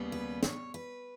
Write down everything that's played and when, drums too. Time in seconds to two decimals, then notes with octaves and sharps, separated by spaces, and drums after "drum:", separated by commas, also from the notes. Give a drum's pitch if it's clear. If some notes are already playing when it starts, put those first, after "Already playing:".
Already playing: D#2 C#3 G3 B3
0.12 B4
0.43 C#5, drum: snare
0.74 B4